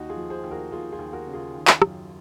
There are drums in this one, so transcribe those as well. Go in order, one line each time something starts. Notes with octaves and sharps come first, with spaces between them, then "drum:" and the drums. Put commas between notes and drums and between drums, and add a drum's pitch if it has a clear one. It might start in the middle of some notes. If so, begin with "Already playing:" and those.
Already playing: D#2 D#4 F#4
F4 G#4
F3
G#4 C5
D#2
F#4 A#4
D#2 F4 G#4
F4 G#4
D#2
F#4 A#4
C#3
F4 G#4
D#3
drum: clap
F#2, drum: rim click